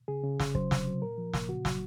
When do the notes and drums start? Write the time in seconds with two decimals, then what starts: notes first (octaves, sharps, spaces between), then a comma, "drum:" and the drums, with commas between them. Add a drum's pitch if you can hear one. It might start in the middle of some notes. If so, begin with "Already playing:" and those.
0.08 C#3 G#4
0.24 C#3
0.40 C#3, drum: snare
0.55 F#3 C5, drum: kick
0.71 C3, drum: snare
0.86 F#3
1.02 A#2 A#4
1.18 F3
1.34 A#2, drum: snare
1.49 C#3 F#4
1.65 F#3, drum: snare